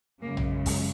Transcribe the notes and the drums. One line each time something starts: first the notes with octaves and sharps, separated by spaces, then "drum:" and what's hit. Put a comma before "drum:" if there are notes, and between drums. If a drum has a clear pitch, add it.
F#2 C#3 G#3 A#3
drum: tom A#1
drum: kick, open hi-hat